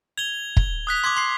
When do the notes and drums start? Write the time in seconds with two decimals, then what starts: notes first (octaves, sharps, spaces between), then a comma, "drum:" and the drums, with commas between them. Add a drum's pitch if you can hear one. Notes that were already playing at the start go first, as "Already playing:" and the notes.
0.18 G#6 F7 G7
0.57 drum: kick
0.87 D#6 F#6 B6
1.04 C6 D6 G#6 B6
1.17 C6 C7